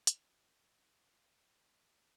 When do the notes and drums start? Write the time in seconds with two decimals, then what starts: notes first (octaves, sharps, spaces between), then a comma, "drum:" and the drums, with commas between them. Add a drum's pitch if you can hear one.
0.07 B2 E3 F#3 G#3 A#4, drum: hi-hat